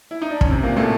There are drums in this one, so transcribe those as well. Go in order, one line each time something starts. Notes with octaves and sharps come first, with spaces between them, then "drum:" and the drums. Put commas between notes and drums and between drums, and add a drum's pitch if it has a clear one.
E4
D#4
D4
C#4, drum: kick
C3 C4
A#2 A#3
A2 A3